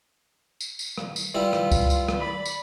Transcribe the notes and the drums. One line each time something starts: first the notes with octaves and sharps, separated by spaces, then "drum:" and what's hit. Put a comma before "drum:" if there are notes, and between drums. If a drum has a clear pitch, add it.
drum: tambourine
drum: tambourine
drum: rim click
drum: tambourine
E3 G3 E4 F4
drum: rim click
drum: kick C#2, tambourine
drum: tambourine
drum: rim click
D5 B5
drum: tambourine